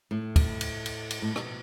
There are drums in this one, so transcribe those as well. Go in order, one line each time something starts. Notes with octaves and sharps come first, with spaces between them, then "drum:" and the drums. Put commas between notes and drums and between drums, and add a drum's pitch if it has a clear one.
A2
drum: kick, cymbal
drum: cymbal
drum: cymbal
drum: cymbal
A2
B2, drum: rim click